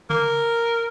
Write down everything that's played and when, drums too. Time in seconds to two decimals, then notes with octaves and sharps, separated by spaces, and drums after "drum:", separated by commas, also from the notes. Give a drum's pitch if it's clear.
0.10 A#4, drum: tom C#3